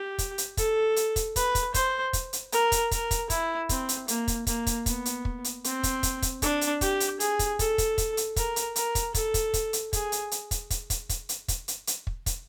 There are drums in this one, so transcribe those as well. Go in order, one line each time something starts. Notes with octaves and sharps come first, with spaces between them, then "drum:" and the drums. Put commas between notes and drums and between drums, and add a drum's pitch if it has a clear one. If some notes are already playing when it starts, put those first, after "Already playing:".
Already playing: G4
drum: kick, hi-hat
drum: hi-hat
A4, drum: kick, hi-hat
drum: hi-hat
drum: kick, hi-hat
B4, drum: kick, hi-hat
drum: kick, hi-hat
C5, drum: kick, hi-hat
drum: kick, hi-hat
drum: hi-hat
A#4, drum: hi-hat
drum: kick, hi-hat
A#4, drum: kick, hi-hat
drum: kick, hi-hat
E4, drum: kick, hi-hat
C4, drum: kick, hi-hat
drum: hi-hat
A#3, drum: hi-hat
drum: kick, hi-hat
A#3, drum: kick, hi-hat
drum: kick, hi-hat
B3, drum: kick, hi-hat
drum: hi-hat
drum: kick
drum: hi-hat
C4, drum: hi-hat
drum: kick, hi-hat
drum: kick, hi-hat
drum: kick, hi-hat
D4, drum: kick, hi-hat
drum: hi-hat
G4, drum: kick, hi-hat
drum: hi-hat
G#4, drum: hi-hat
drum: kick, hi-hat
A4, drum: kick, hi-hat
drum: kick, hi-hat
drum: kick, hi-hat
drum: hi-hat
A#4, drum: kick, hi-hat
drum: hi-hat
A#4, drum: hi-hat
drum: kick, hi-hat
A4, drum: kick, hi-hat
drum: kick, hi-hat
drum: kick, hi-hat
drum: hi-hat
G#4, drum: kick, hi-hat
drum: hi-hat
drum: hi-hat
drum: kick, hi-hat
drum: kick, hi-hat
drum: kick, hi-hat
drum: kick, hi-hat
drum: hi-hat
drum: kick, hi-hat
drum: hi-hat
drum: hi-hat
drum: kick
drum: kick, hi-hat